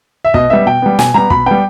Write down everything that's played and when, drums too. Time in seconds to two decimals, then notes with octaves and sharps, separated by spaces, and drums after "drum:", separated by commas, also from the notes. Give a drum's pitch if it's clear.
0.25 E5
0.34 B2 D#5, drum: kick
0.50 G3 B3 E5
0.66 B2 G5
0.82 G3 B3
0.99 B2 G#5, drum: snare
1.14 G3 B3 A#5
1.30 B2 B5, drum: kick
1.46 G3 B3 G5